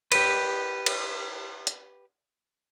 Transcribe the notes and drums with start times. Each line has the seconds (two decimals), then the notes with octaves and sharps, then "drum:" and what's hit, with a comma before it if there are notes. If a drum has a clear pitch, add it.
0.12 G4 B4, drum: cymbal
0.86 drum: cymbal
1.67 drum: hi-hat